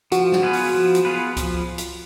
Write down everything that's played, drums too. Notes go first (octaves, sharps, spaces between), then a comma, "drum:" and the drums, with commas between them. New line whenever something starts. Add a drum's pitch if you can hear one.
F3 F#4, drum: hi-hat
drum: snare
B3 F4 G#4 B4
drum: open hi-hat
F3
drum: hi-hat
B3 F4 G#4 B4
F3, drum: kick C#2, hi-hat
drum: hi-hat